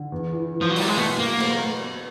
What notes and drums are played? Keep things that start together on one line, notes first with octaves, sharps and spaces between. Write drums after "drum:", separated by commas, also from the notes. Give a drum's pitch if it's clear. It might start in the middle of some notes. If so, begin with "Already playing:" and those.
Already playing: D3
E2
E3
E3
F3
F#3
E3 G3, drum: open hi-hat
G#3
B2 A3
F#3 A#3
A3, drum: cymbal
A3
B3